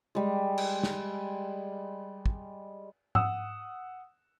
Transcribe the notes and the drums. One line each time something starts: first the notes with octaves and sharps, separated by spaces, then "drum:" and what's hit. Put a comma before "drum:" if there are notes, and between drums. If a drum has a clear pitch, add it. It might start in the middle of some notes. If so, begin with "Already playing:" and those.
G3 G#3
drum: cymbal
drum: snare
drum: kick
F#5 D#6 E6, drum: tom G#2